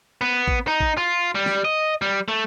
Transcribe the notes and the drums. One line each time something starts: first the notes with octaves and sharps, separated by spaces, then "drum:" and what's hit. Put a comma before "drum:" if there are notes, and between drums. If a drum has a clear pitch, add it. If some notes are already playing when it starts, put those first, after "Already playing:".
B3
drum: kick A1
D#4
drum: kick A1
F4
G3
drum: snare
D#5
G3
A3